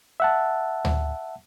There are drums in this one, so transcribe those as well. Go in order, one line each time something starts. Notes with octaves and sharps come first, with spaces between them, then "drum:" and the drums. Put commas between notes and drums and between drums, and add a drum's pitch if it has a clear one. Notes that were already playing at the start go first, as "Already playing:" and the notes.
E5 F#5 A5
drum: tom D2